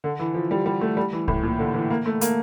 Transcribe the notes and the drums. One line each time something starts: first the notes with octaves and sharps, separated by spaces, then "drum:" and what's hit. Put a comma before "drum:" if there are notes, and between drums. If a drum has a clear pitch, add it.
D3
E3
F3
G3
G3
A3
G3
E3
A2, drum: kick C2
A#2
D3
E3
A#3
A3
A#3, drum: hi-hat